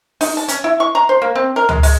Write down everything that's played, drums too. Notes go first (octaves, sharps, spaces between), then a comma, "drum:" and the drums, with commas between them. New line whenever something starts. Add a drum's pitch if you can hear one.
D#4, drum: open hi-hat
A5
C#4, drum: hi-hat
E4
C#6
A#5
C5
A#3
C4
A#4
G#3, drum: tom C#2
G#3, drum: open hi-hat